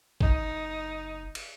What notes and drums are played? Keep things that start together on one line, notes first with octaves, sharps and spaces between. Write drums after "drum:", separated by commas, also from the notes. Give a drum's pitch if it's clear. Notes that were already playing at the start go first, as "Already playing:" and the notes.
F#1 D#4, drum: kick G#1
drum: cymbal